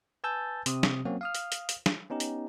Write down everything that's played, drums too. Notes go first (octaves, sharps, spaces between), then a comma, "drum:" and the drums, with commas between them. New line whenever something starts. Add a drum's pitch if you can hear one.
B4 G#5 A5 E6 G6 A6
C3 C4 D#6, drum: hi-hat
drum: snare
F#3 A#3 C4 C#4 F#4
F5 D#6 F6
drum: hi-hat
drum: hi-hat
drum: hi-hat
drum: snare
B3 C#4 D#4 G4
drum: hi-hat